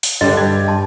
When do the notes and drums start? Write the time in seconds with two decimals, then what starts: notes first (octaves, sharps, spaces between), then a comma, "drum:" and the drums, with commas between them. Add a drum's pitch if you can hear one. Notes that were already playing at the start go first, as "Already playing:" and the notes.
0.03 drum: open hi-hat
0.21 G2 D3 G3 D4 D#5
0.36 G4 G#6
0.68 A5 C6